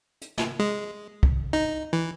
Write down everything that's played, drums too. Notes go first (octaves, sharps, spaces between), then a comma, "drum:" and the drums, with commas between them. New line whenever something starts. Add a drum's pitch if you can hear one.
drum: hi-hat
drum: snare
G#3
drum: kick
D#4
E3